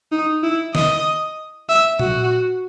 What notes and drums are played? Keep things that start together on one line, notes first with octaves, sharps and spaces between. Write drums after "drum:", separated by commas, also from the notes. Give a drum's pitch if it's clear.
D#4
E4
D#5, drum: snare
E5
F#4, drum: tom A#2